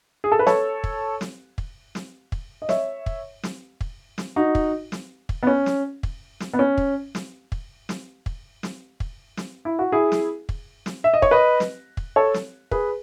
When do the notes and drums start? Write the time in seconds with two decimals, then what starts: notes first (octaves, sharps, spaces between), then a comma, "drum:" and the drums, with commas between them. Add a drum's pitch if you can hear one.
0.24 G#4
0.32 A4
0.39 B4
0.47 A4 C#5, drum: snare
0.84 drum: kick
1.21 drum: snare
1.58 drum: kick
1.95 drum: snare
2.32 drum: kick
2.62 D#5
2.69 C#5 E5, drum: snare
3.06 drum: kick
3.43 drum: snare
3.81 drum: kick
4.18 drum: snare
4.36 D#4 F#4
4.55 drum: kick
4.92 drum: snare
5.29 drum: kick
5.43 B3
5.47 C#4
5.66 drum: snare
6.03 drum: kick
6.40 drum: snare
6.54 B3
6.59 C#4
6.78 drum: kick
7.15 drum: snare
7.52 drum: kick
7.89 drum: snare
8.26 drum: kick
8.63 drum: snare
9.00 drum: kick
9.37 drum: snare
9.65 E4
9.79 F#4
9.92 E4 G#4
10.12 drum: snare
10.49 drum: kick
10.86 drum: snare
11.04 E5
11.14 D#5
11.22 C#5, drum: kick
11.31 B4 D#5
11.60 drum: snare
11.97 drum: kick
12.16 A4 C#5
12.34 drum: snare
12.71 G#4 B4, drum: kick